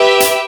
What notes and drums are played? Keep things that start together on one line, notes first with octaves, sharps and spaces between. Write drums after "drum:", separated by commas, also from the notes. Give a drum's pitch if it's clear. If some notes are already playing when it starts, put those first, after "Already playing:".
Already playing: G4 B4 E5
drum: hi-hat